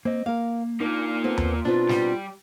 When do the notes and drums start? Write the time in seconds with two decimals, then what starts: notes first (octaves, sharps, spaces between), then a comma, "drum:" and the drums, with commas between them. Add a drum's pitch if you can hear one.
0.05 A#3 C4 D#5
0.26 A#3 A#4 F5
0.81 A#3 D4 D#4 F4
1.24 B3 C4 A4
1.38 drum: tom D#2
1.65 B2 C4 D4 D#4 F4 B4
1.89 G3, drum: snare